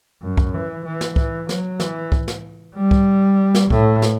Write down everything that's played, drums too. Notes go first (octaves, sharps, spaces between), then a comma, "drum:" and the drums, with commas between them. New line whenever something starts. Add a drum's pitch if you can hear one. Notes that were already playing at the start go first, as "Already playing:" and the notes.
F#2
drum: kick C2
E3
E3
drum: snare
E3, drum: kick C2
F#3, drum: snare
E3, drum: snare
drum: kick C2
drum: snare
G3
drum: kick C2
drum: snare
A2, drum: kick C2
drum: snare